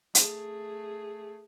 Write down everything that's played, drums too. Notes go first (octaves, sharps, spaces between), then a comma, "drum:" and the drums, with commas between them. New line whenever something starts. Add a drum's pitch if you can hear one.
A3 G#4, drum: hi-hat